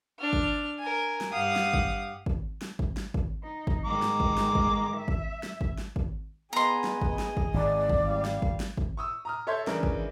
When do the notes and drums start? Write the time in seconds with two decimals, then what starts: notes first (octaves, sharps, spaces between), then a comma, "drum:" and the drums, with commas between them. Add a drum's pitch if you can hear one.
0.19 D4 F6
0.33 drum: kick G#1
0.78 A#4 G#5
1.21 drum: snare
1.32 G2 G4 F5 F#5 D#6
1.56 drum: snare
1.74 drum: kick G#1
2.26 drum: kick G#1
2.62 drum: snare
2.79 drum: kick G#1
2.97 drum: snare
3.14 drum: kick G#1
3.43 D#4
3.67 drum: kick G#1
3.85 G#2 D#3 G#3 A#5 D6
4.02 drum: snare
4.20 drum: kick G#1
4.38 drum: snare
4.55 drum: kick G#1
4.96 E5
5.08 drum: kick G#1
5.43 drum: snare
5.61 drum: kick G#1
5.78 drum: snare
5.96 drum: kick G#1
6.53 B3 G#4 D#5 A#5 C6
6.84 drum: snare
7.02 drum: kick G#1
7.19 drum: snare
7.37 drum: kick G#1
7.54 G#1 D5
7.90 drum: kick G#1
8.04 G3 F5
8.25 drum: snare
8.42 drum: kick G#1
8.60 drum: snare
8.78 drum: kick G#1
8.97 C#6 D#6 E6
9.25 A#5 D#6 F6
9.47 A4 C#5 E5 C6 G6 G#6
9.67 C#3 E3 G#3 C#4 D4 A#4, drum: snare
9.83 drum: kick G#1